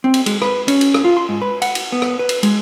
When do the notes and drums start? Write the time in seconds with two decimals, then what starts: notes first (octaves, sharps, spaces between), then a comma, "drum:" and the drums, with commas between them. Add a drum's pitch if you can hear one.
0.04 C4
0.14 drum: cymbal
0.26 G#3, drum: cymbal
0.42 B4, drum: rim click
0.68 C#4, drum: cymbal
0.81 drum: cymbal
0.94 drum: rim click
1.04 F4
1.17 C6
1.29 G#2
1.42 B4
1.62 F#5, drum: cymbal
1.75 drum: cymbal
1.92 B3
2.02 drum: rim click
2.19 B4
2.29 drum: cymbal
2.43 G#3, drum: cymbal